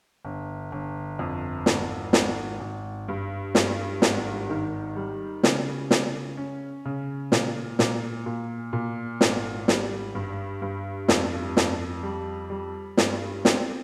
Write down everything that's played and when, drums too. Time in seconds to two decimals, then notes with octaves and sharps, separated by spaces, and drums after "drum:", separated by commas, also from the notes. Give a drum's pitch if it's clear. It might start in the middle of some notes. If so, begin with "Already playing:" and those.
0.25 G1
0.72 G1
1.19 F2
1.66 G#1, drum: snare
2.13 G#1, drum: snare
2.60 G#1
3.08 G2
3.55 G2, drum: snare
4.02 G#1, drum: snare
4.50 D#3
4.96 G3
5.43 C#3, drum: snare
5.91 C#3, drum: snare
6.37 C#4
6.85 C#3
7.32 A#2, drum: snare
7.79 A#2, drum: snare
8.26 A#2
8.73 A#2
9.21 G#1, drum: snare
9.68 G3, drum: snare
10.15 G2
10.62 G2
11.08 F2, drum: snare
11.57 F2, drum: snare
12.03 G3
12.50 G3
12.97 G2, drum: snare
13.45 C4, drum: snare